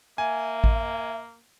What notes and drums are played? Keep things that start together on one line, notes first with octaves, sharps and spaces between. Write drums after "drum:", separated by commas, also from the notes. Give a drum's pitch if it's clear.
A#3 E5 G#5
drum: kick A1